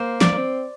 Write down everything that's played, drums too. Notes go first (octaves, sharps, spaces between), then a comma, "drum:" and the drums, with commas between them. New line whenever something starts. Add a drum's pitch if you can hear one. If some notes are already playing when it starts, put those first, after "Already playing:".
Already playing: A#3 C5
D5, drum: snare
A#3
C4